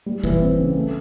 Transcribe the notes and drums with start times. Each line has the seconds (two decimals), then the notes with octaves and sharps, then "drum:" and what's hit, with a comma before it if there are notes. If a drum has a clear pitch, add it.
0.06 G3
0.24 E3, drum: kick G1
0.41 C4
0.59 C#3
0.76 A3